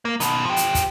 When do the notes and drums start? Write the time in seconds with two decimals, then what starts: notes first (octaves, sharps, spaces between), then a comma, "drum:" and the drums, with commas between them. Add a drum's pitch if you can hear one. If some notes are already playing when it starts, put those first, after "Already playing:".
0.05 A#3
0.20 B2 D#3, drum: hi-hat
0.45 F3 G4
0.56 drum: hi-hat
0.75 drum: kick, hi-hat